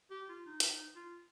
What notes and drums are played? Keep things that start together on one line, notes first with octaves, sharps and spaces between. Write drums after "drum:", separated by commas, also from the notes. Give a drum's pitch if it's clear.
G4
F4
D#4
drum: hi-hat
D#4
F4